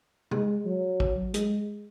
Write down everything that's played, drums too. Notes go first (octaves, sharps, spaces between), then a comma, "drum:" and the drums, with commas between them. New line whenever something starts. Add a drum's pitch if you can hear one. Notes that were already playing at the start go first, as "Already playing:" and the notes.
G#3, drum: tom
F#3
drum: kick A1
G#3, drum: hi-hat